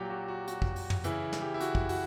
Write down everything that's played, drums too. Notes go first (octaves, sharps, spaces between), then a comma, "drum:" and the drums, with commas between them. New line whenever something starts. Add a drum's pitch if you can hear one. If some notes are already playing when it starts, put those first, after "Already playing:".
Already playing: A#2 F#3 G4
F#4
F#4
F#4, drum: hi-hat
drum: kick
drum: open hi-hat
drum: tom
C#3 E3 E4, drum: hi-hat
drum: snare
G4
E4
F#4, drum: hi-hat
drum: kick
F#4, drum: open hi-hat